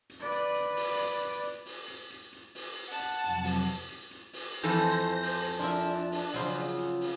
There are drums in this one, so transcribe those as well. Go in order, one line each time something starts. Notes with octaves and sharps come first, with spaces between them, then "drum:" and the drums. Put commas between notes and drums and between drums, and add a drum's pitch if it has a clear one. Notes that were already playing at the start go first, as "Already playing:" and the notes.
drum: hi-hat
B4 D5
drum: hi-hat
drum: hi-hat
drum: open hi-hat
drum: hi-hat
drum: hi-hat
drum: hi-hat
drum: open hi-hat
drum: hi-hat
drum: hi-hat
drum: hi-hat
drum: open hi-hat
F#5 A5
drum: hi-hat
F2 C3 F#3, drum: hi-hat
drum: open hi-hat
drum: hi-hat
drum: hi-hat
drum: hi-hat
drum: open hi-hat
F2 E3 A4 C5 A#6
drum: hi-hat
drum: hi-hat
drum: open hi-hat
drum: hi-hat
F3 D4 A#4 E5
drum: open hi-hat
C#3 F3 F#3, drum: hi-hat
drum: hi-hat
drum: open hi-hat